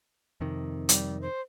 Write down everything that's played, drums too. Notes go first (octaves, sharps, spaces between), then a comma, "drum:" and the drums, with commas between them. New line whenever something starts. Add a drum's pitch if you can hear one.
F2 C3 D#3
G3, drum: hi-hat
C5